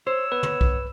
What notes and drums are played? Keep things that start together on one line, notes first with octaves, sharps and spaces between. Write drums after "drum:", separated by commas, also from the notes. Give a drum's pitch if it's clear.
C5 C#5 E6
B3 B4
drum: tom
drum: kick B1